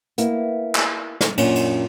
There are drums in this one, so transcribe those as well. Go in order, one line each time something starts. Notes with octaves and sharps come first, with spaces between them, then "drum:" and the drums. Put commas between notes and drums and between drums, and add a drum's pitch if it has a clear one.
A#3 B3 E4, drum: hi-hat
drum: clap
drum: snare
F#2 A#2 C#4 D4, drum: cymbal
drum: cymbal